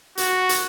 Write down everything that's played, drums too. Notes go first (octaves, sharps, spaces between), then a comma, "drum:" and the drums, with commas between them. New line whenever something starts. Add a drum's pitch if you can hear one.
F#4, drum: hi-hat
drum: hi-hat